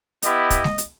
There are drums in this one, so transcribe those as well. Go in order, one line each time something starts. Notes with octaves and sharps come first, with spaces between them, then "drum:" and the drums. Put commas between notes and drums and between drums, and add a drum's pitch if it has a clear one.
B3 E4 G4 D#5, drum: hi-hat
drum: kick, hi-hat
drum: snare G#3
drum: hi-hat